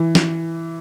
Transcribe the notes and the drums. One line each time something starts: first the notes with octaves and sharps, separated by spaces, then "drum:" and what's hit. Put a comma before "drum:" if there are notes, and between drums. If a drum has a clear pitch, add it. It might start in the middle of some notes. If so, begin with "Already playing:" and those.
Already playing: E3
drum: snare